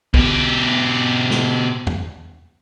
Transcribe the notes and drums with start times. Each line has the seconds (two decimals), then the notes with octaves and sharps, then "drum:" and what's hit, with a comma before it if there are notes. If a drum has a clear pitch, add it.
0.14 B2 G4, drum: kick
1.31 drum: snare
1.87 drum: tom E2